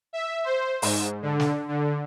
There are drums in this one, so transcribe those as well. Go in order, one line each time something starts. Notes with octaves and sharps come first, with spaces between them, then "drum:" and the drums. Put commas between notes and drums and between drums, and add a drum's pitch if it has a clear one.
E5
C5
G#2, drum: open hi-hat
D3
drum: snare
D3